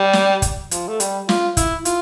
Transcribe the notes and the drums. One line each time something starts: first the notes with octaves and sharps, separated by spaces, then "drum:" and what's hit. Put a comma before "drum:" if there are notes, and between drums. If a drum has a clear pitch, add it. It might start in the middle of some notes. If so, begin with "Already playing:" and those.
Already playing: G3
drum: snare
drum: kick, hi-hat
F3, drum: hi-hat
A3
G3, drum: hi-hat
F4, drum: snare
E4, drum: kick, hi-hat
F4, drum: hi-hat